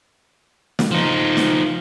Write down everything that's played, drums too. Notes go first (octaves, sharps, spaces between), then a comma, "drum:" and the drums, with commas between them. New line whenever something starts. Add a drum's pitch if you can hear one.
drum: snare
F3 D#4
drum: snare